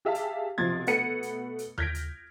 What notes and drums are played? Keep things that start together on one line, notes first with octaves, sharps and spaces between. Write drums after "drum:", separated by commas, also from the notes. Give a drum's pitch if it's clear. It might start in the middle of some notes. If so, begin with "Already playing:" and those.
G4 G#4 E5 F5 A5
drum: hi-hat
B1 C3 F3 C6 G#6 A6
B2 A3 B3 F#5 C#7 D#7, drum: hi-hat
drum: hi-hat
drum: hi-hat
F6 G6 G#6 A#6 B6 D7, drum: tom D#2
drum: hi-hat